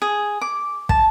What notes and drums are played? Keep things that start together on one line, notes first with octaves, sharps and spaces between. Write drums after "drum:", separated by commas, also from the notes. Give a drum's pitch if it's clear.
G#4
D6
A5, drum: kick